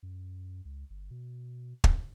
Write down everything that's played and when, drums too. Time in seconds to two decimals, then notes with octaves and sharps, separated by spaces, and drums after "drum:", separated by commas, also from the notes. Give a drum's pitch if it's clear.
0.03 F#2
0.65 C#2
0.90 G1
1.11 B2
1.84 drum: kick